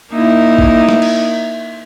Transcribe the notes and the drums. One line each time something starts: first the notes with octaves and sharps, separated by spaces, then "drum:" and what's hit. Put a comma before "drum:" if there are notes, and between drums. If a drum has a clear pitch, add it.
A#3 D#4 E4
drum: kick A1
drum: snare
drum: cymbal